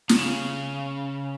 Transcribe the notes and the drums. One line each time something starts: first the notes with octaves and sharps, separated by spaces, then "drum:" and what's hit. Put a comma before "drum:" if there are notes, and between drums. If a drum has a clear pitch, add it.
C3, drum: snare
C#3